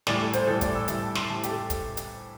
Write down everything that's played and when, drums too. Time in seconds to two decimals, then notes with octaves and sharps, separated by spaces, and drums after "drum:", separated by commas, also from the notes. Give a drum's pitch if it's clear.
0.07 A2 E3 G3 D5, drum: snare
0.21 A4
0.33 C5, drum: hi-hat
0.47 A2 E3 G3 A4
0.61 D5, drum: kick, hi-hat
0.75 E6
0.88 A2 E3 G3 E5, drum: hi-hat
1.02 A5
1.15 C6, drum: snare
1.29 A2 E3 G3 A5
1.43 G4, drum: hi-hat
1.50 A4
1.70 drum: kick, hi-hat
1.97 drum: hi-hat